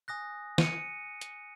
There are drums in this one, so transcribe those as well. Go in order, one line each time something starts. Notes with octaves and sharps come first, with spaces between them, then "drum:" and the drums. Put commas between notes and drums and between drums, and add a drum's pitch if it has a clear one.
G#5 D#6 F#6 A#6
D#7, drum: snare
C#7
drum: hi-hat